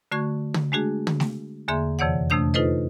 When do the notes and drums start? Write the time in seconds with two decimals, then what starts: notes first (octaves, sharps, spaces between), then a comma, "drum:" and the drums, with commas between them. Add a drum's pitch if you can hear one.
0.12 D3 A3 F#4 C#6 G#6
0.54 drum: tom
0.72 G#3 A3 D4 F#4 G#4
1.07 drum: tom
1.20 drum: snare A3
1.68 E2 D3 A#3 G#4 E5 C6
1.99 F2 C3 E3 C#5 D5 F#5
2.30 F2 C3 A3 D4 D#6 G6
2.54 D#4 F4 A4 B4 C5 D#5